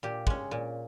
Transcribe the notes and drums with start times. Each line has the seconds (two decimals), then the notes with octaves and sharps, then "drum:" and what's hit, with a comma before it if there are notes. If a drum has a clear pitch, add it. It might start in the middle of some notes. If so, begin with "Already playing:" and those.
0.03 A#2 G4
0.27 G#3 C#4, drum: kick
0.51 A#2